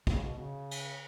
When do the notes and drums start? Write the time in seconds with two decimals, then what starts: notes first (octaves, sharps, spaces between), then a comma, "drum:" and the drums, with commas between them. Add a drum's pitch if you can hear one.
0.07 C#3, drum: kick
0.23 B2
0.38 C#3
0.71 drum: cymbal